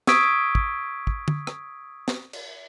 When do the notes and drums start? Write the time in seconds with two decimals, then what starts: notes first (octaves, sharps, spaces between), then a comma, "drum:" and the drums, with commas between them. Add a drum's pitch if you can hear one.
0.07 C#6 D#6 E6 G#6 B6 D7, drum: snare
0.55 drum: kick
1.07 drum: kick
1.28 drum: tom
1.47 drum: rim click
2.08 drum: snare
2.33 drum: cymbal